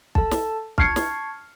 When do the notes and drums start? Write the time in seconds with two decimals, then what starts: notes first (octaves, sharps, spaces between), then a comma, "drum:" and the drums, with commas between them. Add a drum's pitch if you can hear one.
0.15 A4 A5, drum: kick
0.31 drum: snare
0.78 A5 C#6 F6 G#6 C7 C#7, drum: kick
0.96 drum: snare